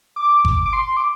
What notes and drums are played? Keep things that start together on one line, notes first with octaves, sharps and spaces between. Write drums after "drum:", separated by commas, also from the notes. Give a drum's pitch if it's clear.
D6
drum: kick G1
D6
C6
D6